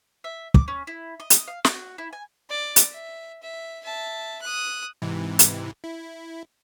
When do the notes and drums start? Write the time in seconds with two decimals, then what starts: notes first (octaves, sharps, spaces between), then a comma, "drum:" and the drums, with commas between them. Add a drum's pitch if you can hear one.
0.24 E5
0.54 D6, drum: kick
0.68 C#4
0.87 E4
1.20 D#5
1.30 drum: hi-hat
1.48 F5
1.65 F#4, drum: snare
1.98 E4
2.13 G#5
2.50 D5
2.76 drum: hi-hat
2.92 E5
3.42 E5
3.84 E5 A5
4.42 D#6 F#6
5.02 G#2 C3 E3
5.39 drum: hi-hat
5.84 E4